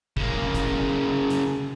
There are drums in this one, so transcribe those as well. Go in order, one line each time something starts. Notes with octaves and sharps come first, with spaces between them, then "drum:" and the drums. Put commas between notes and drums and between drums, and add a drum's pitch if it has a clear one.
C#3 A#3, drum: kick
drum: kick, hi-hat
drum: hi-hat